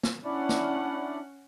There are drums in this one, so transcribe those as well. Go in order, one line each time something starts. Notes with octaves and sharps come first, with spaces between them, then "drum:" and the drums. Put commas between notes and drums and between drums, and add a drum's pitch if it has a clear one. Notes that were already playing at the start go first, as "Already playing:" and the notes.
drum: snare
C#4 D4 E4 D5 F#5
drum: snare